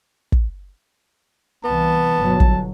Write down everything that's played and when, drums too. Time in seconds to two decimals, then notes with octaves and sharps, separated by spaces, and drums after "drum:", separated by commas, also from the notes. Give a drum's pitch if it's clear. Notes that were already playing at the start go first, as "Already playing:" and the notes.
0.32 drum: kick
1.64 C2 E3 B3 A5
2.17 G1 B2 F#3
2.40 drum: kick